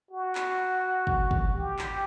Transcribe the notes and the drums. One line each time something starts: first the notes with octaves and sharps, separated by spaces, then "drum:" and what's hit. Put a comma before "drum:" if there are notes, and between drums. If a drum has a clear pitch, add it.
F#4
drum: clap
drum: kick
drum: kick
G4
drum: clap